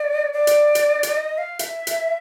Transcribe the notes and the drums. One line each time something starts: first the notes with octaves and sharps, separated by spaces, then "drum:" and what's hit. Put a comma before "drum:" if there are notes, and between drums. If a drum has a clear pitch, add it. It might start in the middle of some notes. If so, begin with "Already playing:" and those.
Already playing: D5
D5
drum: hi-hat
drum: hi-hat
drum: hi-hat
D#5
F5
E5, drum: hi-hat
drum: hi-hat